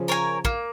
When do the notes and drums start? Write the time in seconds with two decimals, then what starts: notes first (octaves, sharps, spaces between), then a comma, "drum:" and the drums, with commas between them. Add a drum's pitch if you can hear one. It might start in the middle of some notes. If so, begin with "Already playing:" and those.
Already playing: C#3 F3
0.08 A#4 C#5 G#5
0.45 A#3, drum: kick